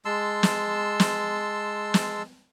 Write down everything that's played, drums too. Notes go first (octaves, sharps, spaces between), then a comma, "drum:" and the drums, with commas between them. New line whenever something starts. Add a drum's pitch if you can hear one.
G#3 A5 C6 E6
drum: snare
drum: snare
drum: snare